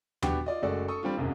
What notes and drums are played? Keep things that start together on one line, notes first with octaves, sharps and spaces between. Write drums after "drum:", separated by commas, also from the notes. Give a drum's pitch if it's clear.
B3 D4 F#4 G4, drum: tom D#2
F4 D5 D#5
F#1 G#3 A3 F#4 A4 D5
A4 C#6 D#6
G3 C4 D4 F4
E1 C2 F#2